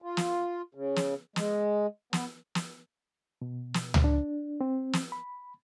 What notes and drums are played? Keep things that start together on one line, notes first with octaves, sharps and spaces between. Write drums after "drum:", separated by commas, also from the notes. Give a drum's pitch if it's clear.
F4
drum: snare
C#3
drum: snare
G#3, drum: snare
B3, drum: snare
drum: snare
B2
drum: snare
drum: tom C#2
D4
C4
drum: snare
B5